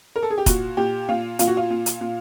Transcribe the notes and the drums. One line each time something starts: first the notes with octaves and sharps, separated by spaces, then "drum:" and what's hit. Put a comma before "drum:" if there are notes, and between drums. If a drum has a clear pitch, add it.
A#4
A4
G#4
G4
A#2 F#4, drum: kick, hi-hat
A#2 G4
A#2 F4
A#2 F4, drum: hi-hat
F#4
F4
A#2
drum: hi-hat
A#2